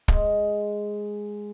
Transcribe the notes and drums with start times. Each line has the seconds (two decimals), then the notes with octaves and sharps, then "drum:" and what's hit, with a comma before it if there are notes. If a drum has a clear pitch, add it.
0.08 G#3, drum: kick